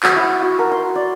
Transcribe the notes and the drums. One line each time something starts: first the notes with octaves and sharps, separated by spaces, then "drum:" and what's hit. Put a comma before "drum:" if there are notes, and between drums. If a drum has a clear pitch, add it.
F#4, drum: clap
E4
F#4
A#4
C6
D5